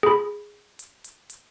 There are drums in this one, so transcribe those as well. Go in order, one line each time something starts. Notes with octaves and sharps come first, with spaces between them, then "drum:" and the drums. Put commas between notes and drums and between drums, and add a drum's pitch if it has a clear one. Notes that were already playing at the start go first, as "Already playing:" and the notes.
G#4 B5
drum: hi-hat
drum: hi-hat
drum: hi-hat